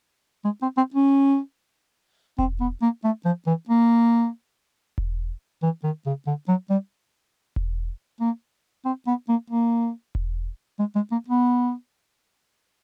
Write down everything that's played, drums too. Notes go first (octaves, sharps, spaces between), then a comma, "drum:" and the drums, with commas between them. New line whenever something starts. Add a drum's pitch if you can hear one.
G#3
C4
C4
C#4
C4, drum: kick E1
B3
A#3
A3
F3
E3
A#3
drum: kick E1
E3
D#3
C#3
D3
F#3
G3
drum: kick E1
A#3
C4
B3
A#3
A#3
drum: kick E1
G#3
G#3
A#3
B3